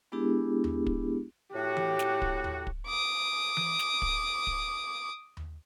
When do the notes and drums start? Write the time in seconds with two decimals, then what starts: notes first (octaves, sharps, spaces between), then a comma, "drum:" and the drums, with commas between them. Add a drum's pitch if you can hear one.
0.12 G#3 B3 D4 E4 G4 G#4
0.64 drum: tom D#2
0.86 drum: kick
1.54 A2 F#4 G4
1.77 drum: tom E3
1.99 drum: snare
2.22 drum: kick
2.44 drum: tom D#2
2.67 drum: kick
2.87 D6 D#6
3.57 drum: tom E3
3.79 drum: snare
4.02 drum: kick
4.47 drum: kick
5.37 drum: tom D#2